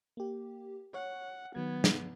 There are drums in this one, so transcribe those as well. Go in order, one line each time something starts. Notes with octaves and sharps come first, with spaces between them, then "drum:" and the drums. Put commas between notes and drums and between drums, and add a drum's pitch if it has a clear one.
A#3 G4
C#5 F#5
D#3 F#3 B3 G#6
drum: snare